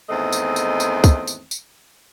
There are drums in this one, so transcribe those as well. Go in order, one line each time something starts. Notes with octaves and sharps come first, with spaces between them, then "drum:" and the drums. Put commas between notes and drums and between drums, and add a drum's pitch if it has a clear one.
E2 G#2 D#3 A3 C4 D#5
drum: tambourine
drum: tambourine
drum: tambourine
drum: kick, tambourine
drum: tambourine
drum: tambourine